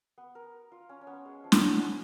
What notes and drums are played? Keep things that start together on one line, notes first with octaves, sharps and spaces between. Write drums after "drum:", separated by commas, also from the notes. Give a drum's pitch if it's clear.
B3
A#4
F4
C#4
C#4
B3
G#3
F3
G#3, drum: snare
F#3
G#3